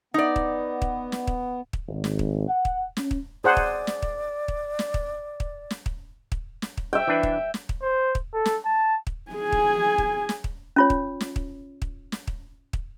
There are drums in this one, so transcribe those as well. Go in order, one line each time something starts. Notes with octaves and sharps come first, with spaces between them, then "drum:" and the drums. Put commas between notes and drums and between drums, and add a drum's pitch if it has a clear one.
B3 D#4 D5
drum: kick
drum: kick
drum: snare
drum: kick
drum: kick
G#1
drum: snare
drum: kick
F#5
drum: kick
C#4, drum: snare
drum: kick
G#4 C5 D5 F#5
drum: kick
drum: snare
drum: kick
drum: kick
drum: snare
drum: kick
drum: kick
drum: snare
drum: kick
drum: kick
drum: snare
drum: kick
E5 G5
E3 D4 B4
drum: kick
drum: snare
drum: kick
C5
drum: kick
A4
drum: snare
A5
drum: kick
G#4 G#5
drum: kick
drum: kick
drum: snare
drum: kick
C#4 F4 C#5
drum: kick
drum: snare
drum: kick
drum: kick
drum: snare
drum: kick
drum: kick